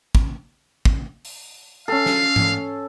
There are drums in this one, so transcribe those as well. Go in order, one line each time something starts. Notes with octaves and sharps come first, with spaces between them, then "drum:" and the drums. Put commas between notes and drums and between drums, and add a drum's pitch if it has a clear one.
drum: kick
drum: kick
drum: open hi-hat
C#4 A4 F5
drum: snare
drum: tom G#2